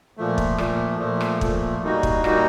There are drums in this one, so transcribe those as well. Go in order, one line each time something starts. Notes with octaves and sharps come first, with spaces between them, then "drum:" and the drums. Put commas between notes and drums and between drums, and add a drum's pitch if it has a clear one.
A#2 F3 A3
drum: kick
A#2 F3 A3, drum: rim click
A#2 F3 A3
drum: rim click
A#2 F3 A3, drum: kick
A#2 G3 A#3 D#4 F#4
drum: kick
A#2 G3 A#3 D#4 F#4, drum: rim click